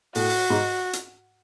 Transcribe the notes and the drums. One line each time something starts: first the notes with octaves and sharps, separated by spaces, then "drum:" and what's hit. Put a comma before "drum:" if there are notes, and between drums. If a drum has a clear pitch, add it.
A2 F#4, drum: open hi-hat
drum: open hi-hat
G#2
drum: hi-hat